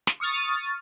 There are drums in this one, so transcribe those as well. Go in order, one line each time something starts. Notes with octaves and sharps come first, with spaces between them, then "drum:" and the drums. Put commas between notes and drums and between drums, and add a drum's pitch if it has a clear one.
drum: snare
C#6 D#6 F6 A6